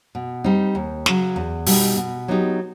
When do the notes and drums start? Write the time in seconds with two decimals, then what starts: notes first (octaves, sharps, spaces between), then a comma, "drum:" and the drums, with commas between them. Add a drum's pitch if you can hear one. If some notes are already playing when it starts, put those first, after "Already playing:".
0.15 B2
0.44 G3 C4 D#4
0.75 D#2
1.06 C#3 F#3, drum: snare
1.36 E2
1.66 B2 G3 B3 D#4, drum: open hi-hat
1.97 B2
2.28 F#3 B3 D#4 G4